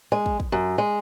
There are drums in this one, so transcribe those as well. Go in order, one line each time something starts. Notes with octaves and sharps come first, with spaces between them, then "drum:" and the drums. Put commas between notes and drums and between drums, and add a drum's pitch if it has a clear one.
G#3
drum: kick
drum: kick
F#2
G#3